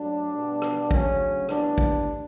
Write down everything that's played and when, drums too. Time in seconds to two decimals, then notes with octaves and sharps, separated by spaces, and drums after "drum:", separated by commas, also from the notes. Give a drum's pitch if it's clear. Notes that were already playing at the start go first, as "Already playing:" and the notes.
Already playing: G2 F#3 A3 D4
0.33 B2 G3 B3
0.62 drum: rim click
0.91 D2 C#3 F#3 C#4, drum: kick
1.49 A2 G3 B3 D4, drum: rim click
1.78 drum: kick